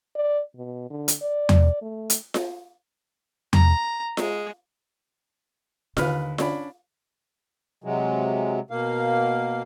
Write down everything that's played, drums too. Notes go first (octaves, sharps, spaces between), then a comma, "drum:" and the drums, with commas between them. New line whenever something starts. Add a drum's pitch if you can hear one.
D5
B2
D3
drum: hi-hat
D5
drum: tom E2
A3
drum: hi-hat
drum: snare F4
A#5, drum: tom E2
G#3 G#4, drum: snare F4
D#2 D3 D#4 B4 F6, drum: snare F4
C#4 D4 B5, drum: snare F4
C3 F#3 G#3
B2 A#3 F5